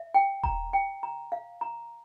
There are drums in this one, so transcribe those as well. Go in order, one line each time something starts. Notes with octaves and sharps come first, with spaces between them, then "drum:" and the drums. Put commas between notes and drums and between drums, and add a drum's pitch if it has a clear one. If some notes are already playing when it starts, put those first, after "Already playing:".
Already playing: E5
G5
A#5, drum: kick D#1
G5
A#5
F5
A#5